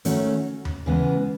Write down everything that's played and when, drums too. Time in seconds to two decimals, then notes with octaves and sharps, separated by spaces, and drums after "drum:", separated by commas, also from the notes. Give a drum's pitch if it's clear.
0.05 D#3 A3 C#4 F#4, drum: hi-hat
0.65 drum: tom D#2
0.86 C#3 E3 G#3 B3